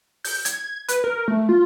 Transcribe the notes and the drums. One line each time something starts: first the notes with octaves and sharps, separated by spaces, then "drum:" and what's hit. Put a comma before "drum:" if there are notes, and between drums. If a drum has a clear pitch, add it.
G6, drum: open hi-hat
G#6, drum: hi-hat
B4, drum: hi-hat
A#4
A3
F4